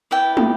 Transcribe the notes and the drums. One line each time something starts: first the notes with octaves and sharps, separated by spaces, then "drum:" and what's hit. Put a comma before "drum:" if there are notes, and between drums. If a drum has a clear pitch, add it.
E4 B4 D5 G5
drum: tom